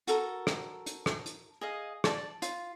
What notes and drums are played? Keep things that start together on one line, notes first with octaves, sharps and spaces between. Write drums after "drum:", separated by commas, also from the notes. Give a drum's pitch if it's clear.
F#4 A4 A#4, drum: hi-hat
drum: rim click
drum: hi-hat
drum: rim click
drum: hi-hat
G#4 D#5 F5
D5 A5, drum: rim click
F4, drum: hi-hat